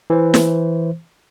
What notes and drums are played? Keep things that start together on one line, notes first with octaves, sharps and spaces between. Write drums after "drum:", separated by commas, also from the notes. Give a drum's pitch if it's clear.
E3 C5
drum: snare